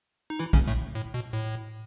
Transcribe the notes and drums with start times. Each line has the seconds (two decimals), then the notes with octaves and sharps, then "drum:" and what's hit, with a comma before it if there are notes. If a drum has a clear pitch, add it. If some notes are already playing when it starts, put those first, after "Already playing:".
0.30 D#4
0.39 E3 E4
0.53 C#3 C#4, drum: kick
0.68 A2 A3
0.95 A2
1.14 B2
1.33 A2